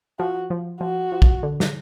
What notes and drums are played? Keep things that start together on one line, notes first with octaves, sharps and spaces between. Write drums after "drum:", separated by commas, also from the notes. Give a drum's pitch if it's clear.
F3 F#4
F3
F3 F#4
F3
drum: kick
D3
drum: snare